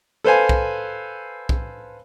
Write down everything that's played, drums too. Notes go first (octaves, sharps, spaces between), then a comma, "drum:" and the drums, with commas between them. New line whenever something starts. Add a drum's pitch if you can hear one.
A4 B4 C5 F5 G#5
drum: kick B1
drum: kick B1